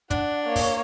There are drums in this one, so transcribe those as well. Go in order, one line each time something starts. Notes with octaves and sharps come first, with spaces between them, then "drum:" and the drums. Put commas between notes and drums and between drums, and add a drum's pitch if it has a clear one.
D4 F#5, drum: kick, hi-hat
A#3 C#5
drum: kick, open hi-hat